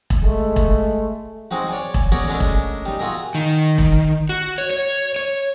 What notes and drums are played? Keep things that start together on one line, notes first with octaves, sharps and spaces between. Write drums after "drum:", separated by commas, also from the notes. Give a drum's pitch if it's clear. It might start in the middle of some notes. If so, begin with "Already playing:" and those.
drum: kick E1
G#3 A3
drum: kick E1
G#3 C4 D#4 F#4
C#5 D5 G#5
drum: kick E1
C#4 F#4 G#4 A#4 C#5 D5
G#3 A3 C#4 D4 A#4
drum: kick E1
G3 D#4
F4 F#4 G#4 A#4 E5
D#3
drum: kick E1
F#4
C#5
C#5
C#5